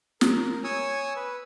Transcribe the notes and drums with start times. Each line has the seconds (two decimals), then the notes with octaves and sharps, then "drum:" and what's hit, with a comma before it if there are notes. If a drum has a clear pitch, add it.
0.21 A#4, drum: snare
0.64 C#5 G#5 D#6 E6
1.16 B4